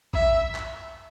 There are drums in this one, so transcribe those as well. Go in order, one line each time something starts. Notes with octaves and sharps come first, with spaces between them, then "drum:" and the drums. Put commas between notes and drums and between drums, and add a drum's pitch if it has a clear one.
E5, drum: kick A1
drum: clap